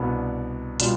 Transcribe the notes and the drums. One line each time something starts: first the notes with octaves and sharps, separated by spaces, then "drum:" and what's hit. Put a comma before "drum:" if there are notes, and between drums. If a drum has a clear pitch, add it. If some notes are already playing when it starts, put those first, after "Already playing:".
Already playing: C2 B2 B3 D4
B2 G3 D4 F4, drum: hi-hat